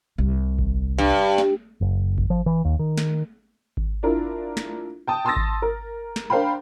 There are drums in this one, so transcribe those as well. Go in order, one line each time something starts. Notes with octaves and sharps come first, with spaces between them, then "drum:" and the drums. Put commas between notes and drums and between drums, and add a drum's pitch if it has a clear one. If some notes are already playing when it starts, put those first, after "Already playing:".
C2
drum: kick G#1
G2
drum: snare
F#1
drum: kick G#1
F3
E3
D#2
D#3
drum: snare
drum: kick G#1
D4 E4 F4 A#4
drum: snare
G5 A5 D#6
A5 C6 D#6 E6 A6 A#6
drum: kick G#1
A#4
drum: snare
D4 A#4 C5 F5 G5 B5